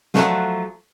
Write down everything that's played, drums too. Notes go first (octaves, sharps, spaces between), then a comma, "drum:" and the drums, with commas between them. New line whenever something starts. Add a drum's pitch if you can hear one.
F3 F#3 A3 F4, drum: snare